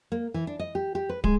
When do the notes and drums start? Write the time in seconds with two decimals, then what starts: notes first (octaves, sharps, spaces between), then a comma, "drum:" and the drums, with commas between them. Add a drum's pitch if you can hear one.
0.12 A#3
0.34 E3
0.47 D4
0.59 D#5
0.75 G4
0.95 G4
1.09 B4
1.24 G#3, drum: kick